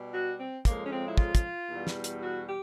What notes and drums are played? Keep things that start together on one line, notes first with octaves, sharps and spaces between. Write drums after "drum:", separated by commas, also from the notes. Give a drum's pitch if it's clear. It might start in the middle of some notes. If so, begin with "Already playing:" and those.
Already playing: B2 G3
F#4
C4
F2 C#3 F3 G#3 A#3, drum: kick, hi-hat
C#4
C4
E4
F4, drum: kick
drum: kick, hi-hat
E2 B2 G3
drum: snare
drum: hi-hat
F#4
G4